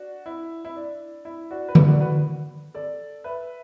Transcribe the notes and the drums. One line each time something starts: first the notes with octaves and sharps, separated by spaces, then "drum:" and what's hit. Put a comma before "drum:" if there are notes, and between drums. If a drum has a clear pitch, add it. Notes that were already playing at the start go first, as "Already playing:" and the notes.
Already playing: D4 F#4
E4
E4
D4
E4
D4 F#4
B4
E4 A4, drum: tom D3
D4 F#4
F#4 B4
A4 D5
B4 E5